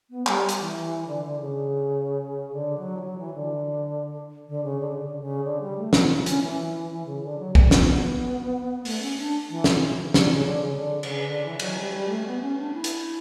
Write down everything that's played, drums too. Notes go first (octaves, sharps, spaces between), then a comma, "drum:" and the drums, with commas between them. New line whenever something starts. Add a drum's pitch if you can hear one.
B3
G3, drum: clap
drum: hi-hat
E3
D3
D3
C#3
D3
F#3
E3
F#3
E3
D3
D3
C#3
D3
C#3
D3
C#3
D3
G3
A3
B3, drum: snare
E4
C#4, drum: hi-hat
E3
E3
C#3
D3
F#3
G3, drum: kick
B3, drum: snare
A3, drum: open hi-hat
C#4
D4
E3
drum: snare
E3
D3, drum: snare
C#3
D3
C#3
D3
C#3, drum: cymbal
D3
E3
F#3, drum: cymbal
G3
G3
A3
B3
C#4
D4
E4
drum: hi-hat